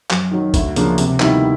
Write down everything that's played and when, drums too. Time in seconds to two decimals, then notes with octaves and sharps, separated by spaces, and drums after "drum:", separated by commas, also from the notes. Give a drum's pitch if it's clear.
0.10 F#2, drum: clap
0.31 D#3 F#3
0.54 D2, drum: kick G#1, hi-hat
0.76 C#3 F3 A#3 D4, drum: hi-hat
0.98 C3, drum: hi-hat
1.20 D#3 G3 B3 E4, drum: clap